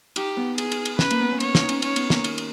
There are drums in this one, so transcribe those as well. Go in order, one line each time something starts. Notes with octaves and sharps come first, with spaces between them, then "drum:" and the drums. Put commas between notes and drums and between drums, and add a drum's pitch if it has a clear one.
D#4 G4, drum: cymbal
B3
G#4, drum: cymbal
drum: cymbal
drum: cymbal
C#4 B4, drum: snare
A#3, drum: cymbal
B3
C#4
B3 C#5, drum: cymbal
C#4, drum: snare
D#4
C#4, drum: cymbal
C#4 C#5, drum: cymbal
B3, drum: cymbal
A#3, drum: snare
D#3, drum: cymbal
drum: cymbal